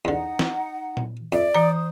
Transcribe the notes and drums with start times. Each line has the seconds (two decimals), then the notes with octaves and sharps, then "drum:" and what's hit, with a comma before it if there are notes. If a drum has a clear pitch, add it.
0.05 E2 D3 D#4 F#5
0.39 drum: snare
0.97 drum: tom A#2
1.32 F2 D5 E5
1.54 E3 C5 A#5 D#6